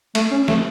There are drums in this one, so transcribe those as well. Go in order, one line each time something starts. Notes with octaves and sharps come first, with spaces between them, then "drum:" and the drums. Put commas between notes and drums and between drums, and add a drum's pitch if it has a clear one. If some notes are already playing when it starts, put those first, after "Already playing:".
A3, drum: cymbal
C#4
A3, drum: snare